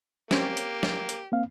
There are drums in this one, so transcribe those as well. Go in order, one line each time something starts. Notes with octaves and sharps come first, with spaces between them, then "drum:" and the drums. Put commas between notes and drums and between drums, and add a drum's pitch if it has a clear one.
A#3 C4 C#4 G4, drum: snare
drum: hi-hat
drum: snare
drum: hi-hat
A#3 C4 F5